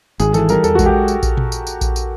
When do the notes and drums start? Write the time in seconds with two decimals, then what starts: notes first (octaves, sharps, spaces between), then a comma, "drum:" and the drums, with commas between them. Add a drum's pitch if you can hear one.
0.20 G#1 G#4, drum: tambourine
0.34 E3 A4, drum: tambourine
0.49 G3 A#4, drum: tambourine
0.64 E2 A4, drum: tambourine
0.75 F#4
0.79 G#3, drum: kick A#1, tambourine
0.86 G4
1.08 drum: tambourine
1.23 drum: kick A#1, tambourine
1.37 drum: tom A#2
1.52 drum: tambourine
1.67 drum: tambourine
1.81 drum: kick A#1, tambourine
1.96 drum: tambourine